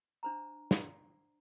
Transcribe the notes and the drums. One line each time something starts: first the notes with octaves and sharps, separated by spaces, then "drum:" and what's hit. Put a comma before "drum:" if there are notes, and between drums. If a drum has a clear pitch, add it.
D4 C5 A#5
drum: snare